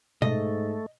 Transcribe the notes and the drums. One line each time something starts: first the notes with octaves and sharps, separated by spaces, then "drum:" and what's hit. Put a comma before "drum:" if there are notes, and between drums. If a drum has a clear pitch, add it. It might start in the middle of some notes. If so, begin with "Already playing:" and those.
G#2 A3 D#5, drum: tom B2